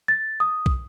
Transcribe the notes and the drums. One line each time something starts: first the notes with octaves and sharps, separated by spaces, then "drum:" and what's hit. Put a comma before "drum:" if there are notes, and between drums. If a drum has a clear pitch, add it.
A6
D#6
drum: kick